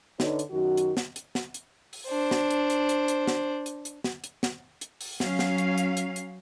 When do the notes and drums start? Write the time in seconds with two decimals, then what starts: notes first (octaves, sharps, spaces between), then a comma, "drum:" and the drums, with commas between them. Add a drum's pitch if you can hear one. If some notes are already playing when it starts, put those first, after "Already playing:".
0.20 D3 D#4 B4 C#5 D5, drum: snare
0.39 drum: hi-hat
0.51 F#2 D#3 F#4
0.77 drum: hi-hat
0.97 drum: snare
1.16 drum: hi-hat
1.35 drum: snare
1.54 drum: hi-hat
1.93 drum: open hi-hat
2.08 D4 C5
2.31 drum: snare
2.51 drum: hi-hat
2.70 drum: hi-hat
2.89 drum: hi-hat
3.08 drum: hi-hat
3.27 drum: snare
3.66 drum: hi-hat
3.85 drum: hi-hat
4.04 drum: snare
4.24 drum: hi-hat
4.43 drum: snare
4.81 drum: hi-hat
5.01 drum: open hi-hat
5.20 F#3 C#4 F5, drum: snare
5.39 drum: snare
5.58 drum: hi-hat
5.78 drum: hi-hat
5.97 drum: hi-hat
6.16 drum: hi-hat